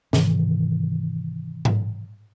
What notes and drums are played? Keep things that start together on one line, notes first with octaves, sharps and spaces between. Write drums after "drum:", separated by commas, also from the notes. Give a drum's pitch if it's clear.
G#2 C3 D#3 E3, drum: snare
drum: tom G#2